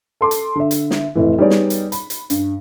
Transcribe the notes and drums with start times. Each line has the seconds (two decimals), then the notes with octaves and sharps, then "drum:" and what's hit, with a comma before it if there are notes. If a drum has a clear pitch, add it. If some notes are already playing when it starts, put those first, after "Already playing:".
0.21 A4 C6 D6
0.31 drum: hi-hat
0.56 D3 E5
0.71 drum: hi-hat
0.91 drum: snare
1.15 F1 A2 E3
1.39 G3 B3 D#4 G#4 C#5 D5
1.50 drum: snare
1.70 drum: hi-hat
1.92 B5, drum: hi-hat
2.10 drum: hi-hat
2.30 G2, drum: hi-hat